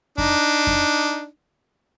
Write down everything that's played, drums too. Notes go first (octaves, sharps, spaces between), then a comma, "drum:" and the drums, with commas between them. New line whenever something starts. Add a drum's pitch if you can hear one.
D4 D#4, drum: kick F2
drum: kick F2